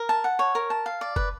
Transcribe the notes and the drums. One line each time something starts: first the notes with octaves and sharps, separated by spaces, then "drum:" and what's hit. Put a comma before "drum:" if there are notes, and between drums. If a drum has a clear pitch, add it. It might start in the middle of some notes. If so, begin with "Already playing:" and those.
Already playing: A#4
A5
F#5
C#5
A#4
A5
F5
D5
B4, drum: kick